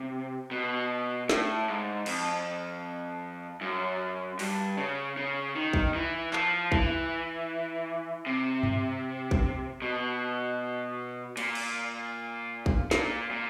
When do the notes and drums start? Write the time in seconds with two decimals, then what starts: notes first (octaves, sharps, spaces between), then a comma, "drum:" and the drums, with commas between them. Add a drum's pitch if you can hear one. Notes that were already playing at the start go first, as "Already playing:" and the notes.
Already playing: C3
0.51 B2
1.29 A2, drum: snare
1.68 G#2
2.06 F2, drum: cymbal
3.61 F#2
4.39 G2, drum: open hi-hat
4.77 C#3
5.17 C#3
5.55 D#3
5.73 drum: kick
5.94 E3
6.33 F3, drum: clap
6.72 E3, drum: kick
8.26 C3
8.63 drum: tom G2
9.31 drum: kick
9.82 B2
11.37 A#2, drum: cymbal
11.55 drum: cymbal
12.66 drum: kick
12.91 A#2, drum: snare
13.31 A#2